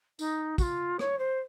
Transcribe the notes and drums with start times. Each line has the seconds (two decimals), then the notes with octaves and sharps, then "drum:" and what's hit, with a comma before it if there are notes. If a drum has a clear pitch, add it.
0.19 D#4, drum: tambourine
0.58 F#4, drum: kick, tambourine
0.62 F4
0.99 C#5, drum: rim click
1.18 C5